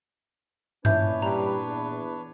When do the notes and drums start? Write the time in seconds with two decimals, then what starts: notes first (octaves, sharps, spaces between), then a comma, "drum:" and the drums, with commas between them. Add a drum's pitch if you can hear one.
0.85 A#2 E3 C#4 D4 B4 C#5 E5 G6, drum: tom G2
1.22 G3 A#5
1.66 E2